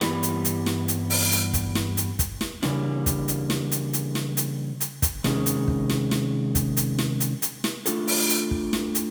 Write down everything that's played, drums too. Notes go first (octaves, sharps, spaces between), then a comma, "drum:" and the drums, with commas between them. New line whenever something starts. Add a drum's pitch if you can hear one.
G2 E3 G3 B3, drum: snare
drum: hi-hat
drum: hi-hat
drum: snare
drum: hi-hat
drum: open hi-hat
drum: hi-hat
drum: kick, hi-hat
drum: snare
drum: hi-hat
drum: kick, hi-hat
drum: snare
C#3 E3 G3 A#3 D4, drum: snare
drum: kick, hi-hat
drum: hi-hat
drum: snare
drum: hi-hat
drum: hi-hat
drum: snare
drum: hi-hat
drum: hi-hat
drum: kick, hi-hat
C3 D#3 G#3 C#4, drum: snare
drum: hi-hat
drum: kick
drum: snare
drum: snare
drum: kick, hi-hat
drum: hi-hat
drum: snare
drum: hi-hat
drum: hi-hat
drum: snare
A3 D4 F4 A4, drum: hi-hat
drum: open hi-hat
drum: hi-hat
drum: kick
drum: snare
drum: hi-hat